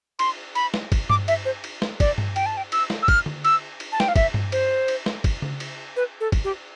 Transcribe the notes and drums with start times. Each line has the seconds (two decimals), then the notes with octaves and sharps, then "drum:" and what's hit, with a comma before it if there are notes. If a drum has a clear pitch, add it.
0.19 C6, drum: cymbal
0.55 B5, drum: cymbal
0.74 drum: snare
0.92 drum: kick, cymbal
1.10 D6, drum: tom G2
1.28 E5, drum: cymbal
1.45 C5
1.64 drum: cymbal
1.82 drum: snare
2.00 D5, drum: kick, cymbal
2.18 drum: tom G2
2.36 G5, drum: cymbal
2.46 A5
2.57 G5
2.72 E6, drum: cymbal
2.90 drum: snare
3.03 E6
3.08 F6, drum: kick, cymbal
3.26 drum: tom D3
3.45 E6, drum: cymbal
3.80 drum: cymbal
3.92 A5
4.00 G5, drum: snare
4.08 F5
4.16 E5, drum: kick, cymbal
4.34 drum: tom G2
4.52 C5, drum: cymbal
4.88 drum: cymbal
5.06 drum: snare
5.24 drum: kick, cymbal
5.42 drum: tom C#3
5.60 drum: cymbal
5.96 B4
6.21 A4
6.32 drum: kick, cymbal
6.44 G4